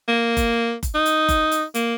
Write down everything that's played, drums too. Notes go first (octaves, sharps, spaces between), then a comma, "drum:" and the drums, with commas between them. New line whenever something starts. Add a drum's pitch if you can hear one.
A#3
drum: kick F#1, hi-hat
drum: kick F#1, hi-hat
D#4
drum: hi-hat
drum: kick F#1, hi-hat
drum: hi-hat
A#3, drum: hi-hat